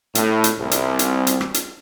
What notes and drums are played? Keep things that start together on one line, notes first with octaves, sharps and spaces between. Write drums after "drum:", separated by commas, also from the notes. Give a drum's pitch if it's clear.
A2, drum: hi-hat
drum: hi-hat
C2
drum: hi-hat
drum: hi-hat
drum: hi-hat
drum: rim click
drum: hi-hat